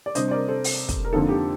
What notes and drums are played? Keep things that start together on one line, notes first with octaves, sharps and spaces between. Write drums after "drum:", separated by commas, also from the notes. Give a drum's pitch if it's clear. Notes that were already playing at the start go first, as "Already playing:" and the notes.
D5
C3 G3 D4 C5 D#5, drum: hi-hat
C5
A#4 D5
A4 C5
drum: open hi-hat
drum: kick, hi-hat
A#4
F2 D3 F3 A#3 D#4 A4
G4